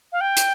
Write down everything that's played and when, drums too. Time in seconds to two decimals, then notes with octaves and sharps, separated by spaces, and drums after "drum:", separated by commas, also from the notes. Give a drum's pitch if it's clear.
0.12 F5
0.21 G5
0.37 drum: hi-hat